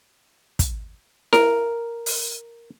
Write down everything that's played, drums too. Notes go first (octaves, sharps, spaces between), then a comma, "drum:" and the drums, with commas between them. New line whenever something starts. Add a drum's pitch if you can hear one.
drum: kick, hi-hat
A#4, drum: snare E4
drum: open hi-hat